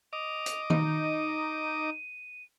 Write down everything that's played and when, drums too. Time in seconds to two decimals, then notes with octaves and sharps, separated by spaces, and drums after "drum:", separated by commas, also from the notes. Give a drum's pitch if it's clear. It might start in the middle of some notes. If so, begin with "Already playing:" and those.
0.13 D#5 D6 F7
0.46 drum: hi-hat
0.70 D#4 D#7, drum: tom D#3